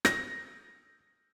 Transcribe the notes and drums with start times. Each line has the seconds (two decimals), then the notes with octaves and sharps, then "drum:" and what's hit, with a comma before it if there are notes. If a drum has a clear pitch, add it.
0.05 A#6, drum: rim click